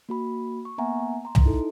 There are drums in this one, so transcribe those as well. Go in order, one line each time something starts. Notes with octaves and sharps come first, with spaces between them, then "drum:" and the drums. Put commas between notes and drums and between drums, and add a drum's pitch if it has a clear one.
A#3 F#4 B5
C#6
A#3 B3 E5 F#5 G#5 A#5
A#5 C6
drum: tom
D#4 E4 A4